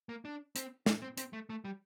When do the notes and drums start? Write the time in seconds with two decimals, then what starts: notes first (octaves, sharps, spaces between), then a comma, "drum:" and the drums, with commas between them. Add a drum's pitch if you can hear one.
0.09 A#3
0.25 D4
0.56 C4, drum: hi-hat
0.86 D4, drum: snare
1.02 C4
1.18 C4, drum: hi-hat
1.33 A3
1.50 A3
1.65 G3